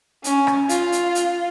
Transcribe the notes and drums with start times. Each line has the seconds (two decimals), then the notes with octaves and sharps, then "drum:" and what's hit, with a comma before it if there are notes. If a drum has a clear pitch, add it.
0.24 C#4, drum: hi-hat
0.47 drum: rim click
0.69 F4, drum: hi-hat
0.92 drum: hi-hat
1.15 drum: hi-hat